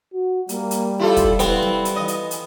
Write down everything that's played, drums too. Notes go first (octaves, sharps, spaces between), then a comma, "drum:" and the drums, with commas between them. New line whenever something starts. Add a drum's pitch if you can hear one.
F#4
G3 A#3, drum: hi-hat
drum: hi-hat
E4 F4 G4 A4
drum: kick, hi-hat
B3 C4 E4, drum: hi-hat
drum: snare
drum: hi-hat
E3 D#5
drum: hi-hat
drum: hi-hat